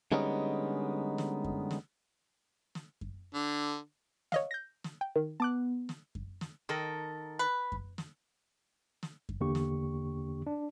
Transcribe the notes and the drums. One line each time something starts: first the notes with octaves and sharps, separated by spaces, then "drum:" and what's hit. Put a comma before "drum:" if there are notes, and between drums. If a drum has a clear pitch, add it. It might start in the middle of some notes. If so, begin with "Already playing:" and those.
D3 G3 G#3 B3 C#4 D#4
drum: snare
drum: kick F#2
drum: snare
drum: snare
drum: kick F#2
D3
C#5 D#5 F5, drum: snare
G6 A#6
drum: snare
G5
D#3
B3 A5 D6 F#6
drum: snare
drum: kick F#2
drum: snare
D#3 A4 A#4
B4
drum: kick F#2
drum: snare
drum: snare
drum: kick F#2
E2 D3 A#3 D4 G4 C#6
drum: snare
D4